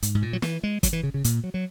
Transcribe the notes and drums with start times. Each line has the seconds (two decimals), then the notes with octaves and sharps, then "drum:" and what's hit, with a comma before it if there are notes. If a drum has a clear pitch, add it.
0.03 G#2, drum: hi-hat
0.15 G#2
0.22 A#2
0.33 F#3
0.42 E3, drum: snare
0.63 G#3
0.83 F#3, drum: kick, hi-hat
0.93 E3
1.03 C#3
1.14 C#3
1.24 A#2, drum: hi-hat
1.44 F#3
1.54 F#3